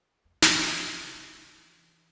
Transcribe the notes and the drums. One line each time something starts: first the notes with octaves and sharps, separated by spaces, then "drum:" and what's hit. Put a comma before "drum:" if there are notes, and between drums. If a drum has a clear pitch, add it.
E2
F2, drum: snare
A2
C3
D3
E3